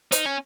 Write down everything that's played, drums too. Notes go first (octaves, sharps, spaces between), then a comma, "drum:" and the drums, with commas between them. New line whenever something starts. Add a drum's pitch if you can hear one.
D#4, drum: hi-hat
C#4